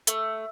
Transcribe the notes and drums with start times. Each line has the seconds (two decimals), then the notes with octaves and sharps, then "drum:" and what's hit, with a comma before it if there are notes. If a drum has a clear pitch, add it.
0.07 A3, drum: hi-hat